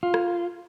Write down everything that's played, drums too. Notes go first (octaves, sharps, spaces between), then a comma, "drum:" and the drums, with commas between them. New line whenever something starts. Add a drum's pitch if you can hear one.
F4
drum: rim click